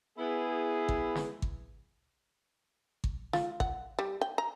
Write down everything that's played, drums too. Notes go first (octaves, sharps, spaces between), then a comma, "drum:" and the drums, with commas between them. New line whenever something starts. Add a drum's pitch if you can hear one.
B3 E4 G#4
drum: kick G#1
drum: snare
drum: kick G#1
drum: kick G#1
F4, drum: snare
F#5, drum: kick G#1
G3
G5
A#5